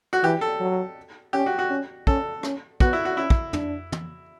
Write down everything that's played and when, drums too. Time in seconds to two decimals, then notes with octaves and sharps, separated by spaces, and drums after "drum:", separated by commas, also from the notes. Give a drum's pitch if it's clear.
0.13 F#4
0.23 E3 G4
0.41 A4
0.60 F#3
1.33 C#4 G4
1.46 F#4
1.59 F#4
1.70 C#4
2.07 C#4 A4, drum: kick
2.43 C#4, drum: rim click
2.80 B3 F#4, drum: kick
2.93 E4
3.05 F#4
3.17 C#4 E4
3.30 drum: kick
3.53 D4, drum: tom
3.92 drum: tom